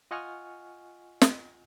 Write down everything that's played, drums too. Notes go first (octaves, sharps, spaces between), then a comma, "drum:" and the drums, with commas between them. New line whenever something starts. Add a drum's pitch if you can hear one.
F4 D#5 F#5 G#5 C#6 F6
drum: snare